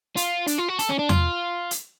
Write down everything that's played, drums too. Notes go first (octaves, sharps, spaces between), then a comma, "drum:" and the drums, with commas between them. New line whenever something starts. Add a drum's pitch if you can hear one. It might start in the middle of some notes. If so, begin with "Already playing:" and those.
F4, drum: hi-hat
D4, drum: hi-hat
F4
F#4
A4, drum: hi-hat
C#4
D4
F4, drum: tom E2
drum: hi-hat